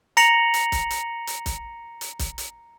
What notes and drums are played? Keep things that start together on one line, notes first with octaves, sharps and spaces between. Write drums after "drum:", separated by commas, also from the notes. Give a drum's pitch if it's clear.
A#5 A#6 C#7 F7 F#7, drum: hi-hat
drum: hi-hat
drum: kick, hi-hat
drum: hi-hat
drum: hi-hat
drum: kick, hi-hat
drum: hi-hat
drum: kick, hi-hat
drum: hi-hat